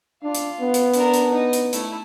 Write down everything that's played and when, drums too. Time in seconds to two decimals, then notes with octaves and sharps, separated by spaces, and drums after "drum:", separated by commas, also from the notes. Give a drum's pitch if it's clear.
0.24 D4 F4
0.35 drum: hi-hat
0.60 B3
0.74 drum: hi-hat
0.94 D4 A#4, drum: hi-hat
1.14 drum: hi-hat
1.30 D#4 D#5
1.53 drum: hi-hat
1.73 A3 E4, drum: hi-hat